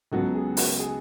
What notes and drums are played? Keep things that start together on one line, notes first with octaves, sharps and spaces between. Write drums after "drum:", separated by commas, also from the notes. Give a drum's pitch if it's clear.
C#2 C#3 F#3 B3 F#4 A4
G#4
F#4, drum: open hi-hat
G#4